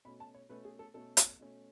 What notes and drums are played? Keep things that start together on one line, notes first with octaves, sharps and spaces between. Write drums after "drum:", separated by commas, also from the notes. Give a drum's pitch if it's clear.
B2 A3 C#4 B5
A5
C#5
B2 A3 C#4 B4
G#4
A4
B2 A3 C#4 A4
drum: hi-hat
B2 A3 C#4